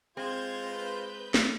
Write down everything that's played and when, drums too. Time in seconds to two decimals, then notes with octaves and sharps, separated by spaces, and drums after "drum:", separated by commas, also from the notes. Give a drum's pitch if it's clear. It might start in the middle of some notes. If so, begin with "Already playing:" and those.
0.17 G#3 C4 F4 C5 G#6
0.64 B4 G6
1.34 drum: snare